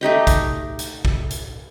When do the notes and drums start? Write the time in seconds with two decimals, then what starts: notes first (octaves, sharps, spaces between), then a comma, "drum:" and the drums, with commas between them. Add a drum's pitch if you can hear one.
0.01 A3 D#4 G4 D#5
0.27 drum: kick, hi-hat
0.79 drum: hi-hat
1.05 drum: kick
1.31 drum: hi-hat